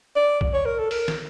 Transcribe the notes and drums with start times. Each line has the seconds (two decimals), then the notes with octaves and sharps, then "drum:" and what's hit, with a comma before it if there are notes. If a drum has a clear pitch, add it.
0.16 D5
0.41 drum: kick B1
0.54 C#5
0.66 A#4
0.79 A4
0.91 A#4, drum: open hi-hat
1.08 drum: snare